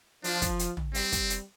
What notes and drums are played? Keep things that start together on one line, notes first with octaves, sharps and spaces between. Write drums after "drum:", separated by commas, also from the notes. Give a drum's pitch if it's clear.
F3 D4, drum: open hi-hat
drum: kick, hi-hat
drum: hi-hat
drum: tom
G3 C4, drum: open hi-hat
drum: kick, hi-hat
drum: hi-hat